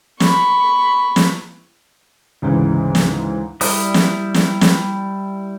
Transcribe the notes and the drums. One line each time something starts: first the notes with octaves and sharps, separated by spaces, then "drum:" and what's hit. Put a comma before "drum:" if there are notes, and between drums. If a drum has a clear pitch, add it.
B5 C#6, drum: snare
drum: snare
D2 G#2 C#3 E3
drum: snare
G3 E4 D#6, drum: open hi-hat
drum: snare
drum: snare
drum: snare